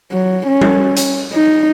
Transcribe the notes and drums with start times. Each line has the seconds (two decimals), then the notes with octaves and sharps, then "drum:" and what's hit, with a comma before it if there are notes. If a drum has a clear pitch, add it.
0.12 F#3
0.47 C#4
0.61 drum: tom G3
0.97 drum: hi-hat
1.33 D#4